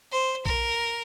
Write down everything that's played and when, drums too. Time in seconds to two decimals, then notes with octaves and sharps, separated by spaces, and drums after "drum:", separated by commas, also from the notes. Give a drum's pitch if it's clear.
0.12 C5
0.46 A#4, drum: kick A#1